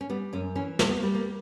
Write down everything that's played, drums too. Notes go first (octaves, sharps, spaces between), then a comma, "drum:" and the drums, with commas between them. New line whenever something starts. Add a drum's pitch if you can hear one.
C#4
G3 B3
F#2 C#4
E3 C#4
G3 B3, drum: snare
B3
A#3
G3
A#3